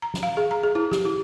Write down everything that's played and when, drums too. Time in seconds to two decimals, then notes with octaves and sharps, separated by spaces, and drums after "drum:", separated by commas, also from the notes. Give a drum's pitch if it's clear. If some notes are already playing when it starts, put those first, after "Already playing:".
0.02 A#5
0.14 drum: snare
0.23 F5
0.37 G#4
0.51 A#5
0.63 G#4
0.75 E4
0.91 G4, drum: snare
1.05 E4